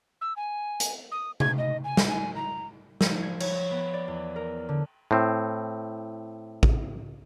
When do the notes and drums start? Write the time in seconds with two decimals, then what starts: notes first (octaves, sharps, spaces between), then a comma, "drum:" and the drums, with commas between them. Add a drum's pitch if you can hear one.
0.21 E6
0.36 G#5
0.80 drum: hi-hat
1.11 D#6
1.40 G#6, drum: tom C3
1.58 D#5
1.84 G#5
1.97 drum: snare
2.08 G#5
2.35 A#5
3.01 F3, drum: snare
3.22 G#6
3.40 C#5, drum: cymbal
3.71 B3
3.93 D5
4.08 E2
4.36 A#4
4.69 D3
5.11 A2 C4
6.63 drum: kick